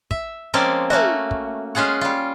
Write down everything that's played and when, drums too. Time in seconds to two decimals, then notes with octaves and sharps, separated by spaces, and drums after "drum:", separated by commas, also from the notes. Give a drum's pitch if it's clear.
0.11 E5, drum: kick
0.54 F3 G#3 A#3 C4 C#4 D5
0.90 A3 A#3 C#4 F#4, drum: tom
1.31 drum: kick
1.75 G#3 C#4 F4 G#4 F#5
2.01 G3 F4